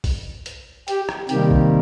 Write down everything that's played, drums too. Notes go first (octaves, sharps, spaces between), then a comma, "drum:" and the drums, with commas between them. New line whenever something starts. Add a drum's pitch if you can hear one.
drum: kick A#1, open hi-hat
drum: hi-hat
G4, drum: hi-hat
drum: rim click
C3 D#3 G3 A#3 G4, drum: hi-hat
drum: kick A#1